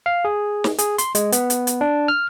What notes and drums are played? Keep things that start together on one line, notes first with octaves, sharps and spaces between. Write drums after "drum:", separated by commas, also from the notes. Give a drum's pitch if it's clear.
F5
G#4
drum: snare
G#4, drum: hi-hat
C6, drum: hi-hat
G#3, drum: hi-hat
B3, drum: hi-hat
drum: hi-hat
drum: hi-hat
D4
F6